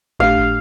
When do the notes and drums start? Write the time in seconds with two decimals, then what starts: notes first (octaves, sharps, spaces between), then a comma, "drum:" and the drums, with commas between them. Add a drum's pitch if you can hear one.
0.19 A2 A3 D4 G4 F5, drum: kick
0.38 drum: kick